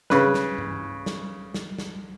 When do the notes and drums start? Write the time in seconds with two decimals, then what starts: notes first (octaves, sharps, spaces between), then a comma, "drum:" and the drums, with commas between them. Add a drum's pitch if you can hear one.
0.10 C#3 B4, drum: snare
0.34 drum: snare
0.58 drum: tom G2
1.06 drum: snare
1.54 drum: snare
1.78 drum: snare